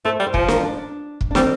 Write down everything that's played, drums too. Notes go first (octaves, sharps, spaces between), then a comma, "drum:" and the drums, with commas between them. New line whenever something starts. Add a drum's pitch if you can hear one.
A3 C5
G3
C5
F3, drum: kick
A#4, drum: snare
D4
D4
drum: kick
D4
G3 C4, drum: snare